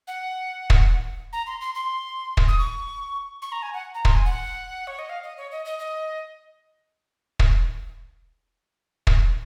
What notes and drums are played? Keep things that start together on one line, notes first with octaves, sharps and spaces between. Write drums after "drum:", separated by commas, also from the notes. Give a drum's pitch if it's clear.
F#5
drum: kick
A#5
C6
C6
C6
drum: kick
D#6
C#6
C#6
A#5
G#5
F#5
A#5
C6, drum: kick
G#5
F#5
C#5
D#5
F5
D#5
C#5
D#5
D#5
D#5
drum: kick
drum: kick